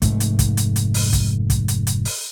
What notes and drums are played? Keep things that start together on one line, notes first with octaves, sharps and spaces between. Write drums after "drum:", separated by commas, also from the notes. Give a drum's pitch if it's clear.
F1 G#2 A3, drum: kick, hi-hat
drum: hi-hat
drum: kick, hi-hat
drum: hi-hat
drum: hi-hat
drum: open hi-hat
drum: kick, hi-hat
drum: kick, hi-hat
drum: hi-hat
drum: hi-hat
drum: open hi-hat